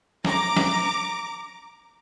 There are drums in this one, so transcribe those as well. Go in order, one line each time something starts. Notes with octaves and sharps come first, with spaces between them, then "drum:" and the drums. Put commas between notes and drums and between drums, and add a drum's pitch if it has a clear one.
A#5 D6, drum: snare
drum: snare